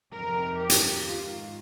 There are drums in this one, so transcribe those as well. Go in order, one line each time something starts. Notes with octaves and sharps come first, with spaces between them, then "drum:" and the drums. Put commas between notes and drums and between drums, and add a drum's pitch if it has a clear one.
F2 C3 D#3 A#4
G4
drum: hi-hat
G#2 D#3 F4